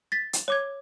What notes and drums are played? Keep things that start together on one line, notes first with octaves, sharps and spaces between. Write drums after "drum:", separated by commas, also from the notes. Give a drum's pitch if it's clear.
A6 B6
drum: hi-hat
C#5 D6 G#6